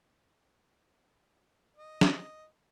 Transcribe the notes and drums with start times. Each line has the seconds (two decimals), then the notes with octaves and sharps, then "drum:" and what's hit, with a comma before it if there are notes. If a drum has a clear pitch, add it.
1.77 D#5
2.01 drum: snare